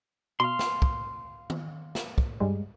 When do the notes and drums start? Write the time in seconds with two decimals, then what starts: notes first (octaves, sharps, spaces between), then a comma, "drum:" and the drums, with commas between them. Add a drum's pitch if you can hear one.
0.40 B2 F5 C6
0.59 drum: snare
0.82 drum: kick
1.50 drum: tom D#3
1.95 drum: snare
2.18 drum: kick
2.40 G2 G3 G#3